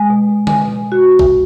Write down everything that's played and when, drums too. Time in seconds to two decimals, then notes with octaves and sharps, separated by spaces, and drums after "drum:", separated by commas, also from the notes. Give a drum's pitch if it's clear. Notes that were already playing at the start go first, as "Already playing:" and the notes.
Already playing: G#3 G#5
0.10 B2
0.29 B2
0.47 B2 G#5, drum: tom D3
0.65 B2
0.83 B2
0.92 F#4
1.19 drum: kick